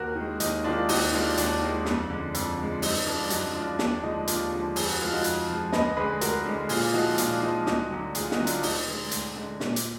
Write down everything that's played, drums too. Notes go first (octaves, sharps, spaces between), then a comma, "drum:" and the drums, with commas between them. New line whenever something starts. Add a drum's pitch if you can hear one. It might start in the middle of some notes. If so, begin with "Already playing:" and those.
Already playing: D#2 F#4 A#4
D#3 G#3
D#2 D#4, drum: hi-hat
D#3 G#3 D4 F4
D#2 D#4 F#4, drum: open hi-hat
D#3 G#3 D4 F4
D#2 D4, drum: hi-hat
D#3 G#3
F2, drum: snare
D3 G#3
F2, drum: hi-hat
D3 G#3
F#2 D#4, drum: open hi-hat
F3 G#3 D4 F4
F#2 D#4 F#4, drum: hi-hat
F3 G#3 D4 F4
D#2 D4, drum: snare
D3 F3 G#3 D#4
D#2 D4 F4, drum: hi-hat
D3 F3 G#3
F2 G#4, drum: open hi-hat
F#4
F3 G#3 F4
D#4 F#4
F2, drum: hi-hat
F3 G#3
D2 B4 D#5, drum: snare
D3 G#3 G#4 B4
D2 F#4 A#4, drum: hi-hat
D3 G#3
A#2 F4 G#4, drum: open hi-hat
F3 G#3 D#4 F#4
A#2 D4 F4, drum: hi-hat
F3 G#3 D#4
D2 D#4 F#4, drum: snare
D3 F#3
D2 F4 G#4, drum: hi-hat
D#4 F#4, drum: snare
D3 F#3
D4 F4, drum: hi-hat
D2 D#4, drum: open hi-hat
D3 G#3
D2, drum: hi-hat
D3 G#3
A#2, drum: snare
drum: hi-hat